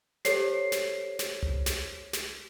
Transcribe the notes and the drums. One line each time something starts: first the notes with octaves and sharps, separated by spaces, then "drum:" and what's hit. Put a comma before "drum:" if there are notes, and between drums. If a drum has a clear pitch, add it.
G4 A4 C5 C#5 C7, drum: snare
drum: snare
drum: snare
drum: tom C2
drum: snare
drum: snare